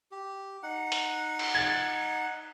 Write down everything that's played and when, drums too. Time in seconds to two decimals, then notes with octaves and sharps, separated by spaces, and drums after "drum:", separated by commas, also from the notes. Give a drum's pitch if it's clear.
0.12 G4
0.63 D#4 F#5
0.92 drum: hi-hat
1.39 drum: cymbal
1.55 G#6 A6